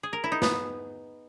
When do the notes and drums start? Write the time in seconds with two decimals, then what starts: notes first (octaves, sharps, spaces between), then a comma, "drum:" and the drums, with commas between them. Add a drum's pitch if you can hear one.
0.03 G#4
0.13 A#4
0.24 E4
0.32 D#4
0.42 B3, drum: snare